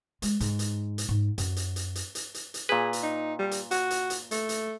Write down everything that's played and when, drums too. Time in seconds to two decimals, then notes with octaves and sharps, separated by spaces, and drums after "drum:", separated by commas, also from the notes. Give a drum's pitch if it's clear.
0.22 G#3, drum: hi-hat
0.40 G#2, drum: hi-hat
0.59 drum: hi-hat
0.98 drum: hi-hat
1.09 G#2
1.38 F#2, drum: hi-hat
1.56 drum: hi-hat
1.76 drum: hi-hat
1.95 drum: hi-hat
2.15 drum: hi-hat
2.34 drum: hi-hat
2.54 drum: hi-hat
2.69 A#2 G#4 B4
2.93 drum: hi-hat
3.03 D#4
3.39 G3
3.51 drum: hi-hat
3.71 F#4, drum: hi-hat
3.90 drum: hi-hat
4.10 drum: hi-hat
4.31 A3, drum: hi-hat
4.49 drum: hi-hat